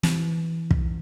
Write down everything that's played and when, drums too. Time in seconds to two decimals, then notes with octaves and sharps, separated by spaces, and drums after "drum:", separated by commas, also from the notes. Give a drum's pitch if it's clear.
0.03 E3, drum: snare
0.71 drum: kick